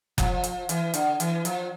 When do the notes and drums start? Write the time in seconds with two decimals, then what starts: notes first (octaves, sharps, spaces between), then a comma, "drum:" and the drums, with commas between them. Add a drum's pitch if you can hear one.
0.18 F3, drum: kick F#1, hi-hat
0.44 drum: hi-hat
0.69 E3, drum: hi-hat
0.94 D3, drum: hi-hat
1.20 E3, drum: hi-hat
1.45 F3, drum: hi-hat